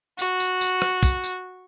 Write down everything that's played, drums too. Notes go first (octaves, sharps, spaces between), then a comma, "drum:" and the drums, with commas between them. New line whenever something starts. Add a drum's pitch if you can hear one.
F#4, drum: tambourine
drum: tambourine
drum: tambourine
drum: rim click
drum: kick, tambourine
drum: tambourine